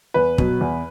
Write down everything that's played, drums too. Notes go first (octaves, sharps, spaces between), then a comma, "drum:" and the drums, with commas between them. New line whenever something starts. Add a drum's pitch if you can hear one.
E2 B4
B2 F#3, drum: kick
E2